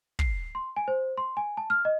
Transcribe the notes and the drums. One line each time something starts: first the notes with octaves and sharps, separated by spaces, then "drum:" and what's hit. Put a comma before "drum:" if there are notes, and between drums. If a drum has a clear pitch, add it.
C7, drum: kick
C6
G#5
C5
C6
G#5
A5
F6
D#5